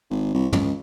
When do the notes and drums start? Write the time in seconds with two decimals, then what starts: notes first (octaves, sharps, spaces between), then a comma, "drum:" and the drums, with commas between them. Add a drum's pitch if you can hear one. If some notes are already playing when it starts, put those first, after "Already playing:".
0.10 G#1
0.34 C2
0.53 C#2, drum: tom